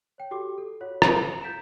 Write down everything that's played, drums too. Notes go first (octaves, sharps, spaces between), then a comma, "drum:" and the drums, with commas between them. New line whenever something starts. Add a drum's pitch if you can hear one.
C#5 G5
F#4 G4 A4 D6
A4
F4 F#4 C#5 F#5
A4 B4 C5 F5 C#7, drum: rim click
A#5 G6 B6 D7 E7